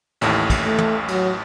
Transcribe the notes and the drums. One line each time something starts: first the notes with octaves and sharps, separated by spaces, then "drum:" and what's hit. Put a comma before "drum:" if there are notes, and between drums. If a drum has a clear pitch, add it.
A1 D#2 A2, drum: cymbal
drum: kick, cymbal
A3
drum: tom
F#3, drum: cymbal